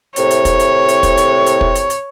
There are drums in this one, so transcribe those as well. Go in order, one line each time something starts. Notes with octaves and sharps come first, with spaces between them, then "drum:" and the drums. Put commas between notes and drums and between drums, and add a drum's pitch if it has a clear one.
C2 A2 C3 C#5, drum: hi-hat
drum: hi-hat
drum: kick, hi-hat
drum: hi-hat
drum: hi-hat
drum: kick, hi-hat
drum: hi-hat
drum: hi-hat
drum: kick
drum: hi-hat
drum: hi-hat